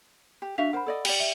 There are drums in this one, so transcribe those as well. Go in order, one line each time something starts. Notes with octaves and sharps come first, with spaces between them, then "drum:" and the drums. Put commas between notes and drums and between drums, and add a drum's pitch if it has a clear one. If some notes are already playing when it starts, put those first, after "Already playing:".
G4
D4 F#4 E5 F5 B6 F7
A#4 C5 F#5 B5
A4 D5 D#5
G4 D5, drum: cymbal
E5